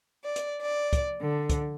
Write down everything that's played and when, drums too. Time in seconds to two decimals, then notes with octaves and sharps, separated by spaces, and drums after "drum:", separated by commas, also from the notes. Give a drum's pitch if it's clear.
0.24 D5
0.36 drum: hi-hat
0.62 D5
0.93 drum: kick, hi-hat
1.21 D3
1.49 drum: kick, hi-hat